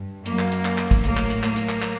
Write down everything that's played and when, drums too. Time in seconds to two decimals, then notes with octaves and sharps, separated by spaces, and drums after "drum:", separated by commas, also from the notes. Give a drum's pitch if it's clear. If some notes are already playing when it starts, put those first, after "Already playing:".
Already playing: G2
0.26 F#2 F#3 A#3, drum: hi-hat
0.39 drum: clap
0.52 drum: hi-hat
0.65 drum: clap
0.78 drum: clap
0.91 drum: kick, hi-hat
1.04 A2 F#3 A#3, drum: hi-hat
1.17 drum: clap
1.30 drum: hi-hat
1.43 A#3, drum: clap
1.56 drum: hi-hat
1.69 drum: clap
1.82 drum: clap